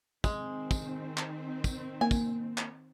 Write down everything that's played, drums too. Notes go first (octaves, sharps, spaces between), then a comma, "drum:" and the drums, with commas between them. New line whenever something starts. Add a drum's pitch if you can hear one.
D#3 G#3 C4, drum: kick, tambourine
drum: kick, tambourine
drum: clap
drum: kick, tambourine
A#3 G#5
drum: kick, tambourine
drum: clap